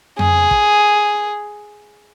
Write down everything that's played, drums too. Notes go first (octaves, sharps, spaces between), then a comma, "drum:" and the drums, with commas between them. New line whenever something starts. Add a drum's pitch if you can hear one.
G#4, drum: tom F2
drum: kick